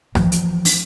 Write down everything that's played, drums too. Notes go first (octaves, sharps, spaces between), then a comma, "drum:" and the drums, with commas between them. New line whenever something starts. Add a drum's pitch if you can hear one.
E3 F3, drum: rim click
drum: hi-hat
drum: open hi-hat